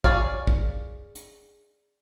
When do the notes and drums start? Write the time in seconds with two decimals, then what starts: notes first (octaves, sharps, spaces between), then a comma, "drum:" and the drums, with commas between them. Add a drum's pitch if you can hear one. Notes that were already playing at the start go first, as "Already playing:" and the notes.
0.04 G#4 C#5 D5 F5, drum: kick
0.47 drum: kick
1.15 drum: hi-hat